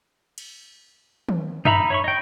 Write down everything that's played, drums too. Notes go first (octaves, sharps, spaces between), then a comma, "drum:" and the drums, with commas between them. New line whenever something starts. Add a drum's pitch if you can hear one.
drum: cymbal
drum: tom D#3
D#4 E5 A#5 B5, drum: tom F#2
C#5 B5 C#6
D#5 G5